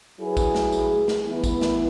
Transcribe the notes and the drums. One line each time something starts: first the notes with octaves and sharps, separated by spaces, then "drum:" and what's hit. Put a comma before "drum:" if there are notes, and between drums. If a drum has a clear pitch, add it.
F#3 E4 G#4 B4
drum: kick A1, tambourine
drum: snare
drum: tambourine
drum: snare
E3 B3 E4
drum: kick A1, tambourine
drum: snare